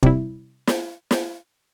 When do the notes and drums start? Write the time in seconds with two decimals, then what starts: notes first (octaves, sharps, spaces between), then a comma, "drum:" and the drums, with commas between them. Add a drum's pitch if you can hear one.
0.03 C3 G3 E4, drum: kick
0.67 drum: snare
1.11 drum: snare